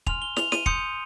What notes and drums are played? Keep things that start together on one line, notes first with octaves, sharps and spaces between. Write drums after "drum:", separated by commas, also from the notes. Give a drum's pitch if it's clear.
G#5 C6 F6 F7, drum: kick
G7
F7, drum: snare
D#7, drum: snare
C6 D#6 G6 C#7, drum: kick